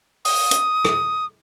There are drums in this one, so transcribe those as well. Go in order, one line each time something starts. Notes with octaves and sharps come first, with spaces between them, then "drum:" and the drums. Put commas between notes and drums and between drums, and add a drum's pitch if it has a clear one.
D#6, drum: open hi-hat
drum: hi-hat
drum: rim click